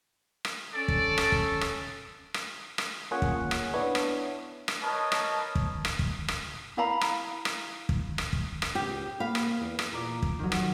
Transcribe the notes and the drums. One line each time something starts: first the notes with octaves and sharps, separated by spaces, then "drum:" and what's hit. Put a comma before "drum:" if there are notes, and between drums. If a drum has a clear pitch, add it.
drum: rim click
C#4 A4 D5
drum: kick
drum: rim click
drum: kick
drum: rim click
drum: rim click
drum: rim click
A#3 C#4 F4 G#4 C#5 F#5
drum: kick
drum: rim click
B3 D4 E4 C#5
drum: rim click
drum: rim click
A#4 B4 C#5 D#5 A5
drum: rim click
drum: kick
drum: rim click
drum: kick
drum: rim click
E4 F5 A#5 B5
drum: rim click
drum: rim click
drum: kick
drum: rim click
drum: kick
drum: rim click
C#2 G4
A#3 F5 B5
drum: rim click
E2
drum: rim click
A#2 D5 A#5
drum: kick
F1 D#3 F#3
drum: rim click